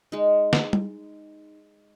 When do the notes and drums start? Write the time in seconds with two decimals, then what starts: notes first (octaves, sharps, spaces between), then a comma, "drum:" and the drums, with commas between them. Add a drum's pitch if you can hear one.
0.12 G#3 D#4
0.53 drum: snare
0.73 drum: tom G3